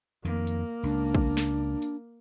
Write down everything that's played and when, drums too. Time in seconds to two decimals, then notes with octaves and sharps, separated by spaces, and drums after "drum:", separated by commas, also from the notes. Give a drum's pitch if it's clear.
0.25 F2 D#3 A#3
0.47 drum: hi-hat
0.83 C#2 D4
1.15 drum: kick
1.37 drum: snare
1.82 drum: hi-hat